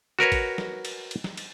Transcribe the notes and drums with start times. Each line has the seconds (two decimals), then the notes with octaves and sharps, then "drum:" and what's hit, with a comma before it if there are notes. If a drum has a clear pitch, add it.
0.19 F#4 A#4 B4 C#5
0.32 drum: kick, cymbal
0.58 drum: snare
0.85 drum: cymbal
1.11 drum: cymbal
1.24 drum: snare
1.37 drum: cymbal